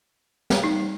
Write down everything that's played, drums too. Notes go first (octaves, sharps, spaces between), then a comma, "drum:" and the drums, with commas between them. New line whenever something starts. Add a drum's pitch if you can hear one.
G3, drum: snare
D#4